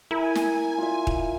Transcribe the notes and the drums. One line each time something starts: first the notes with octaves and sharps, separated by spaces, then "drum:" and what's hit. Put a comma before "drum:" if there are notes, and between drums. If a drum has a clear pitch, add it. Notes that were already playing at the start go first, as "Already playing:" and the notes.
E4 A#4 G#5
drum: snare
F4 E5
drum: kick D#1